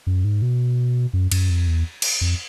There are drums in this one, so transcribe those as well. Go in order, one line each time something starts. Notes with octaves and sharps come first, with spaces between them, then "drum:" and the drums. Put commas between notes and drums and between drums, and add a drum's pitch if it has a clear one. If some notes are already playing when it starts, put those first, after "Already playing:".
F#2
G#2
B2
F#2
F#2, drum: cymbal
F2
E2
drum: cymbal
F2